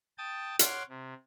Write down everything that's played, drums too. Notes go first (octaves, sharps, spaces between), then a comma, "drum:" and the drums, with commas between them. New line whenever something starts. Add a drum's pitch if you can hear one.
G5 A5 D#6 A6
C#5 F#5 C6 D6 F6 F#6, drum: hi-hat
C3